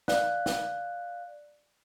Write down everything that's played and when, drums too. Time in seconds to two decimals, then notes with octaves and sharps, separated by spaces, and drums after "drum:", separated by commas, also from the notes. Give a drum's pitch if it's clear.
0.08 D5 F5 F#6, drum: snare
0.46 drum: snare